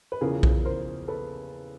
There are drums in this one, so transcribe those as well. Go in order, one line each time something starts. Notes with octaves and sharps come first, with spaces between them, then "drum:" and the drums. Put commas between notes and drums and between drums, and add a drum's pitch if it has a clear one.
B4
E2 C#3 F3 G#4 A#4
drum: kick B1
A#4 C5
A4 B4